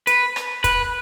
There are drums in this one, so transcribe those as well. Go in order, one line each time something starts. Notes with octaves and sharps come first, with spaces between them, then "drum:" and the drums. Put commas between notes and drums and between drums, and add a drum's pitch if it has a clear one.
B4, drum: hi-hat
drum: rim click
B4, drum: kick, hi-hat